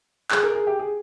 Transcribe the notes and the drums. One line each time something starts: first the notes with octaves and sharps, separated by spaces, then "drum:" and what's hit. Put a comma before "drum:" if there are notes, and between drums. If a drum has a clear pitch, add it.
G#4, drum: clap
A#4
G#4
G4
G#4